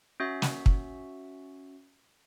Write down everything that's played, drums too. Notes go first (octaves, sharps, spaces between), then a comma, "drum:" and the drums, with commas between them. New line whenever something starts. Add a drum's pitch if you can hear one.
C#4 F#4 E5
drum: snare
drum: kick